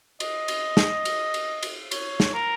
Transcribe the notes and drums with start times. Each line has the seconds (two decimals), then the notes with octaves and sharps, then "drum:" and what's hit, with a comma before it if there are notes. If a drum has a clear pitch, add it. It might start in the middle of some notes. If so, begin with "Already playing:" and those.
0.20 D#5, drum: cymbal
0.48 drum: cymbal
0.77 drum: snare
1.05 drum: cymbal
1.34 drum: cymbal
1.63 drum: cymbal
1.91 C#5, drum: cymbal
2.20 drum: snare
2.34 A#4